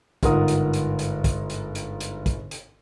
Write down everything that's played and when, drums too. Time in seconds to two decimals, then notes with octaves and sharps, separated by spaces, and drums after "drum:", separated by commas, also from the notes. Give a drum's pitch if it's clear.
0.23 G1 G#2 F4 A#4 F#5 D#6, drum: kick, hi-hat
0.48 drum: hi-hat
0.73 drum: hi-hat
0.99 drum: hi-hat
1.24 drum: kick, hi-hat
1.50 drum: hi-hat
1.75 drum: hi-hat
2.01 drum: hi-hat
2.26 drum: kick, hi-hat
2.51 drum: hi-hat